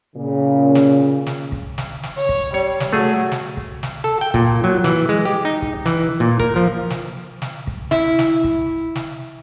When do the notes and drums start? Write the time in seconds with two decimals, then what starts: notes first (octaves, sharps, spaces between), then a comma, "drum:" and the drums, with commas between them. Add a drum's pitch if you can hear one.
0.16 A#2 C#3
0.75 drum: snare
1.26 drum: snare
1.52 drum: kick
1.78 drum: snare
2.03 drum: snare
2.17 C#5
2.29 drum: kick
2.54 G3 C#5
2.80 drum: snare
2.93 F#3 A3 G#4
3.32 drum: snare
3.57 drum: kick
3.83 drum: snare
4.04 A4
4.21 G5
4.34 A#2, drum: kick
4.64 F#3
4.84 E3, drum: snare
5.09 G#3
5.25 G4
5.45 D#4
5.62 drum: kick
5.86 E3, drum: snare
6.20 A#2
6.40 A#4, drum: kick
6.56 F3
6.90 drum: snare
7.42 drum: snare
7.67 drum: kick
7.91 E4, drum: snare
8.19 drum: snare
8.44 drum: kick
8.95 drum: snare